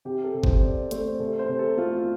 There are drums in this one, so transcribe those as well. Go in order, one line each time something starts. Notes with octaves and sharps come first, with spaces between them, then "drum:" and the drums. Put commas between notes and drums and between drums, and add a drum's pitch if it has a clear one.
C3 G4
A4
C3
C5, drum: kick F#1
C3 D5
A3 C5, drum: hi-hat
C3 A4
C5
C3
A4
A3 F4
F4